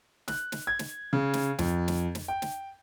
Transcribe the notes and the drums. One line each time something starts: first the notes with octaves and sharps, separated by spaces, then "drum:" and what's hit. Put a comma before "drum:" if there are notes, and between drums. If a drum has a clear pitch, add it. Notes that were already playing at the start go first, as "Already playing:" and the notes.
F#6, drum: snare
drum: snare
G#6
drum: snare
C#3
drum: snare
F2, drum: snare
drum: snare
drum: snare
G5
drum: snare